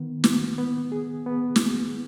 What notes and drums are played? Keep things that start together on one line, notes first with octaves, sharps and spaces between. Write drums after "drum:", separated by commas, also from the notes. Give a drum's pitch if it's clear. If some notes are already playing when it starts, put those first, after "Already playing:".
Already playing: D#3 B3
B3, drum: snare
B3
G#4
B3
drum: snare